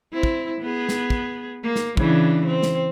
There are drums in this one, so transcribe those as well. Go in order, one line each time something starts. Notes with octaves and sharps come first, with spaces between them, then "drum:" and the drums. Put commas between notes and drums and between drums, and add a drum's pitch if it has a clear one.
C4 E4
drum: kick
B3 G#4
drum: snare
drum: kick
A#3
drum: snare
C#3 E3 D4, drum: kick
C4
drum: snare